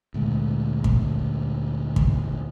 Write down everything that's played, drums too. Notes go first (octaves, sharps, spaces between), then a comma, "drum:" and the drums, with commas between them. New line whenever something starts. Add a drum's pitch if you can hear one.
D2 A#2 G#3
drum: kick
drum: kick